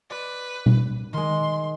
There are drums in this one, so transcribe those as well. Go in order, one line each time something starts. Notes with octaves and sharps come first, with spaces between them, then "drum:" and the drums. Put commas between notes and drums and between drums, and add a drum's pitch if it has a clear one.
B4 D5
drum: tom B2
D#3 G#3 C6